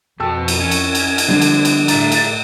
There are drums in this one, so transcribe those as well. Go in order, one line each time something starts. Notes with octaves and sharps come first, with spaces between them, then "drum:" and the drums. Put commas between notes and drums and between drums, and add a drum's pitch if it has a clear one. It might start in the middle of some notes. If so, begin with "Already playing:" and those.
F2 B2 F#4 G5 A5 E6
drum: cymbal
C#4 G#6
drum: cymbal
drum: cymbal
drum: cymbal
D3 F3 G3 B3 C4
drum: cymbal
drum: cymbal
A2 G#4 E5 A#5 A6, drum: cymbal
drum: cymbal